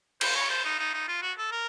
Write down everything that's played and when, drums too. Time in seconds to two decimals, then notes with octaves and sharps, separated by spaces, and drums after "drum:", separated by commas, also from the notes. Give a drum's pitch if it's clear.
0.21 C5, drum: cymbal
0.36 C#5
0.50 C5
0.65 D#4
0.79 D#4
0.94 D#4
1.08 F4
1.22 F#4
1.38 A4
1.52 A#4